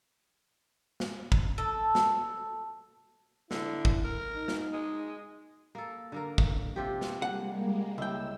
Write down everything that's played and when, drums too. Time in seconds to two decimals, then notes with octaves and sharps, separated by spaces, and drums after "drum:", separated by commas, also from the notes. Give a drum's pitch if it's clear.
1.00 drum: snare
1.32 drum: kick
1.58 A4
1.95 drum: snare
3.51 D3 E4, drum: snare
3.85 drum: kick
4.04 A#4
4.35 D#4
4.48 drum: snare
4.73 G#3
5.75 A#3 A4
6.12 D3 A#3 A#4
6.38 drum: kick
6.76 C3 F3 G4
7.01 drum: snare
7.22 G3 G#3 A#3 F#5
7.98 C#2 E4 G5 E6